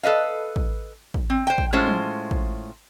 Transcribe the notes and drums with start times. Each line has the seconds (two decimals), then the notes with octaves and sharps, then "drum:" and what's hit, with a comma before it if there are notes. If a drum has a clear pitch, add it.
0.03 A4 B4 D#5 F5
0.56 drum: kick
1.14 drum: kick
1.30 C4
1.47 C5 G5
1.58 drum: kick
1.73 A2 G#3 C#4 F4 C5
1.87 drum: tom
2.31 drum: kick